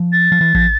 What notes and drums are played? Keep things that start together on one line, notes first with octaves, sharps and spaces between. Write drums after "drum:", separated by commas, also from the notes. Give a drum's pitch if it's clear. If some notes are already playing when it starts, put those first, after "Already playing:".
Already playing: F3
A6
F3
E3
F3, drum: kick A1